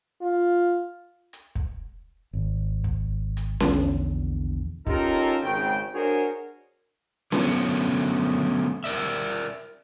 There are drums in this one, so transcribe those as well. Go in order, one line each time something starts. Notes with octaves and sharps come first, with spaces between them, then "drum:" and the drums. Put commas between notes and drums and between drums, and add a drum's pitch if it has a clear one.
F4
drum: hi-hat
drum: kick
G#1
drum: kick
drum: hi-hat
A#1 E2 D3, drum: snare C#4
C#4 D#4 F4 G4 A4 A#4, drum: kick
G#1 C#3 G5
D4 F#4 G#4 A#4 C5 C#5
D3 F#3 A3 B3 C#4, drum: snare C#4
drum: hi-hat
A#4 D5 E5, drum: hi-hat